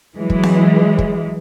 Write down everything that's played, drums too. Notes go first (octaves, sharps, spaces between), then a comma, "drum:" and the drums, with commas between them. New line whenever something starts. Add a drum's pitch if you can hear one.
E3 F#3 G#3
drum: kick
drum: snare C4
drum: kick